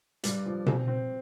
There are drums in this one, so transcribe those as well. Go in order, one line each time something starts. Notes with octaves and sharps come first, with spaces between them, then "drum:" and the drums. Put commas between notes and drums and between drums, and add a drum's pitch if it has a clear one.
G2 D5, drum: hi-hat
F3
C4, drum: tom B2
C4